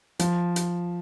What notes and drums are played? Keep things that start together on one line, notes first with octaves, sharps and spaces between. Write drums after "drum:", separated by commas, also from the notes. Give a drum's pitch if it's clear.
F3, drum: hi-hat
drum: hi-hat